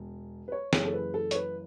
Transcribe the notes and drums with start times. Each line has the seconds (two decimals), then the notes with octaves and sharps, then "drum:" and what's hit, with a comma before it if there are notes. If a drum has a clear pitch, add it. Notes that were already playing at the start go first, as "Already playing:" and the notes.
Already playing: E1
0.48 B4
0.52 C#5
0.73 F#1 F#2 C#3 E3 G#3 C#5, drum: snare
0.85 A4
0.94 B4
1.14 A4
1.31 C#5, drum: hi-hat
1.35 B4